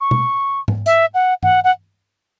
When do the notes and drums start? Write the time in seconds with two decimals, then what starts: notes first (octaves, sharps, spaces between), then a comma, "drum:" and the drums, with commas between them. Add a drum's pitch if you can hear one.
0.01 C#6
0.11 drum: tom B2
0.68 drum: tom G#2
0.86 E5, drum: hi-hat
1.14 F#5
1.43 F#5, drum: tom G2
1.64 F#5